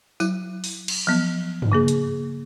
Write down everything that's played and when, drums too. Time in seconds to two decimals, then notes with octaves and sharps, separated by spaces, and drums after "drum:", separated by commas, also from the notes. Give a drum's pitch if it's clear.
0.20 F#3 E4, drum: tambourine
0.64 drum: open hi-hat
0.88 drum: cymbal
1.07 F3 F#3 B3
1.62 drum: tom G2
1.72 C#3 A#3 G#4
1.88 drum: hi-hat